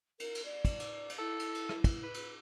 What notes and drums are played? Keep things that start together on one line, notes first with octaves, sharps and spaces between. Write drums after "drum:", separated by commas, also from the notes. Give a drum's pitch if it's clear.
A#4, drum: cymbal
drum: cymbal
D5
drum: kick, cymbal
drum: cymbal
drum: cymbal
E4 A4
drum: cymbal
drum: cymbal
drum: rim click
drum: kick, cymbal
B4
drum: cymbal